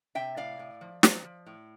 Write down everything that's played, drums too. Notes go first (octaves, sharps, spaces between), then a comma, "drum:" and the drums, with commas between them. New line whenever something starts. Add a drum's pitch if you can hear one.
C3 E5 G5
A2 D5 F5
A2
F3
F3, drum: snare
F3
A2